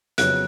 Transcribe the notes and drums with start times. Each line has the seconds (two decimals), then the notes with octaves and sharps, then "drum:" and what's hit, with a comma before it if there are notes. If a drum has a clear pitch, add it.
0.18 F2 C#3 F#3 B3 F#6, drum: hi-hat